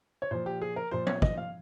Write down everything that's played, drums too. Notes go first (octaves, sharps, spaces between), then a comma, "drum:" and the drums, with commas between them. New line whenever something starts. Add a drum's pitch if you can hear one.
C#5
A#2 F3 C5
G4
G#4
A#4
A#2 F3 C5
C#5, drum: tom F3
D#5, drum: kick
F5